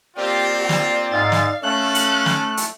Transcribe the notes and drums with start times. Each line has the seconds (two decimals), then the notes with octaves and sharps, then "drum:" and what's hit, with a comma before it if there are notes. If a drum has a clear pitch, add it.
0.17 A#3 C4 F4 G4 D5
0.69 drum: snare
1.12 G#2 F5 A6
1.32 drum: snare
1.63 A3 C#4 A4 F5 F#6
1.95 drum: hi-hat
2.26 drum: snare
2.57 drum: hi-hat